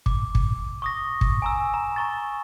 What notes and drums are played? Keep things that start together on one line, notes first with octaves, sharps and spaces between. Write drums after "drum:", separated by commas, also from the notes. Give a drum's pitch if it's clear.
D6, drum: kick
drum: kick
C#6 D#6 A#6
drum: kick
G#5 A#5 E6
A#5
A#5 C#6 A6